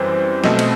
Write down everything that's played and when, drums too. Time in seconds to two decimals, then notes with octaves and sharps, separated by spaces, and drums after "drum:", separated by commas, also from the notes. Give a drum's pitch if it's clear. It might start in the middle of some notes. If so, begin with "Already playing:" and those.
Already playing: F#2 E3 G3 C4 C5
0.44 B2 A3 C4 D#5, drum: snare
0.59 drum: cymbal